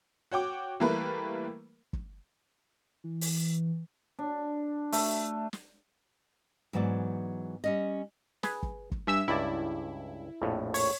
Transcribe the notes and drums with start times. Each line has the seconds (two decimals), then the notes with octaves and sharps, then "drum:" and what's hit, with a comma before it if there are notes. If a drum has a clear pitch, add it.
0.31 F#4 C#5 G5 D6
0.80 E3 G3 A3 A#3 A#4 B4
1.93 drum: kick
3.04 E3
3.21 drum: open hi-hat
4.19 D4
4.92 A3, drum: open hi-hat
5.53 drum: snare
6.73 G#2 E3 F#3 B3 D5
7.64 G3 C#4 D#5
8.43 G#4 B4, drum: snare
8.63 drum: kick
8.92 drum: kick
9.07 G2 E5 G#5 E6
9.28 C#2 G2 E4 D5
10.42 A#1 F2 A2
10.74 C#5, drum: open hi-hat